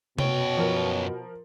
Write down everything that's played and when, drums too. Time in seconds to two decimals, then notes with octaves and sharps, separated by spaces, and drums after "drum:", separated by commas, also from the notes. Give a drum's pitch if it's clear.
0.19 F#2 B2 C#5 G5, drum: tom C3
0.57 F3 A#4